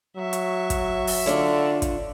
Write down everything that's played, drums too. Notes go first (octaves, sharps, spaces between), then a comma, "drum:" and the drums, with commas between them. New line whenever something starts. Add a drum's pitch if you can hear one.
F#3 E5 C#6
drum: hi-hat
drum: kick, hi-hat
drum: open hi-hat
D3 D4 F4 C#5
drum: kick, hi-hat